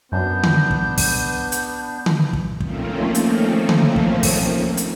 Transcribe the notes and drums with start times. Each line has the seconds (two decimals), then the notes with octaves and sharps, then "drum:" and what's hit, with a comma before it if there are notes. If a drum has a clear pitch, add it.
0.12 F#2 B3 D4 G6
0.43 drum: tom D3
0.71 drum: kick
0.98 drum: kick, open hi-hat
1.52 drum: hi-hat
2.06 drum: tom D3
2.33 drum: kick
2.60 D#3 F3 A3 A#3 C4 C#4, drum: kick
3.15 drum: hi-hat
3.69 drum: tom D3
3.96 drum: kick
4.23 drum: kick, open hi-hat
4.77 drum: hi-hat